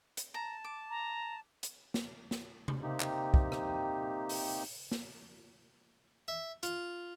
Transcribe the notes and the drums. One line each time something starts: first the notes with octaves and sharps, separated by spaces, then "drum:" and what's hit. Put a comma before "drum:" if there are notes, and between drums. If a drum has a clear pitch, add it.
drum: hi-hat
A5 A#5
D6
A#5
drum: hi-hat
drum: snare
drum: snare
drum: tom C3
C3 A#3 C4 D#4 G4
drum: clap
drum: kick
drum: rim click
drum: open hi-hat
drum: snare
E5
F4, drum: hi-hat